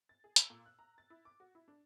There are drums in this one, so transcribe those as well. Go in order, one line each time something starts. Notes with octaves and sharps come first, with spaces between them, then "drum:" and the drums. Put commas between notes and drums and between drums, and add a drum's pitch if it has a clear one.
A6
G#4
E6, drum: hi-hat
A#2
F#6
A#5
A6
E4
D6
F#4
E4
D4